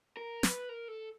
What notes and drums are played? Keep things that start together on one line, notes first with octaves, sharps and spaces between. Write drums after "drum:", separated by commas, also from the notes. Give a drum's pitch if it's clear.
A#4
B4, drum: snare
A#4
A4